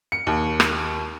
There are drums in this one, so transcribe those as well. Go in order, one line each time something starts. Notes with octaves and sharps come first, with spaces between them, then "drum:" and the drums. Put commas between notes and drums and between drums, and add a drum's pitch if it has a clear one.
C#7
D#2
drum: rim click